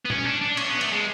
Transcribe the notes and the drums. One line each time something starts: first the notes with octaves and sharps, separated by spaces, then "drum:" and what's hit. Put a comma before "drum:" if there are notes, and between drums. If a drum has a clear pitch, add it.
B3
C#4, drum: tom
D4
D4
C#4, drum: cymbal
B3
A3, drum: cymbal
G#3